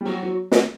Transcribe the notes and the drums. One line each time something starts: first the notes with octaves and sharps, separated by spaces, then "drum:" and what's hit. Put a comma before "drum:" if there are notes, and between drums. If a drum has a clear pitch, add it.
G3
F#3 F#4
F#3
drum: snare